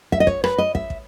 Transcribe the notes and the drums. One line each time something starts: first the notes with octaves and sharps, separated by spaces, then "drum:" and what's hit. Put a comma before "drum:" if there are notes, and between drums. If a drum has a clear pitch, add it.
E5, drum: kick
D#5
C#5, drum: kick
B4, drum: rim click
D#5
E5, drum: kick
drum: kick